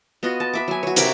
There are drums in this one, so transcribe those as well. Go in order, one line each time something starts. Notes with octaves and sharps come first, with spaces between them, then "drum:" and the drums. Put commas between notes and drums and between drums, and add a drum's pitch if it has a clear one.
B3 F4 F#4 D#5
A5
B4 E5 D6
F#3 G#5
F#4 C#5
C3 A#4 D5 E5, drum: hi-hat